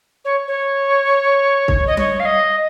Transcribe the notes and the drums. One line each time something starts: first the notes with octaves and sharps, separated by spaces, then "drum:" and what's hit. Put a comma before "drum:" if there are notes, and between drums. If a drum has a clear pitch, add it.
C#5
C#5
drum: kick C2
D#5
C#5, drum: tom G3
F5
D#5